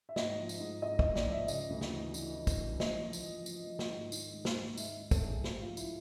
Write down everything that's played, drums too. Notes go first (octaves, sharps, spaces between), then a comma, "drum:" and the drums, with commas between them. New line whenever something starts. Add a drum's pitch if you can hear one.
E5
G#2 D#5, drum: snare
F3
drum: tambourine
G#2
G#2 D#5
D#5, drum: kick
G#2
D5, drum: snare
F3
E5
C#3 D#5, drum: tambourine
D2
drum: snare
E3
E3, drum: tambourine
E3
drum: kick, tambourine
E3
F3 D#5, drum: snare
F3
drum: tambourine
F3
F3, drum: tambourine
F3
drum: snare
G#2
D#3, drum: tambourine
G#2
drum: snare
D#3
G#2 E5, drum: tambourine
D#3
A4, drum: kick, tambourine
G#2
G#4
A2 G4, drum: snare
F4
F3
E4, drum: tambourine